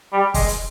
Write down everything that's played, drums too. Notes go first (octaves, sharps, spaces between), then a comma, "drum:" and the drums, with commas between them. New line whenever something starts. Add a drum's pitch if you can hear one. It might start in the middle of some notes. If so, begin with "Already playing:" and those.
G3
G#3, drum: kick, open hi-hat
drum: hi-hat